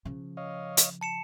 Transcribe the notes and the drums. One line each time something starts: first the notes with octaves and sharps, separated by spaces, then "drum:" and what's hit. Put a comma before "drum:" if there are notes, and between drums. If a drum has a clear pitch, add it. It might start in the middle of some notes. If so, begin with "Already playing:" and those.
C#3 F3
C#5 D#5 F5
drum: hi-hat
A5 C#7 E7